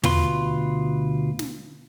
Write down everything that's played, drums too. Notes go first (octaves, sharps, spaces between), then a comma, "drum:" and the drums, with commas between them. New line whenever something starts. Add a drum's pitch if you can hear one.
D2 B2 F4 B4 C6, drum: tom
drum: snare